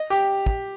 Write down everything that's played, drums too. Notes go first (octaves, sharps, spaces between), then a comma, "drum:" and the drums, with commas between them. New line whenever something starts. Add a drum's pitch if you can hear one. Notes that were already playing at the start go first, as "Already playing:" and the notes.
Already playing: D#5
G4
drum: kick